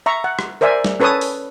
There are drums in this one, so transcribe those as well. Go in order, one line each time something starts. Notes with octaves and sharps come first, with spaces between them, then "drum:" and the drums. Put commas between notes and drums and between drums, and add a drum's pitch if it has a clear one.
E5 A#5 C#6
F#5
drum: rim click
A#4 C5 D5 E5 G#5
drum: snare
C#4 A4 B4 C#5 A5 D#6
drum: open hi-hat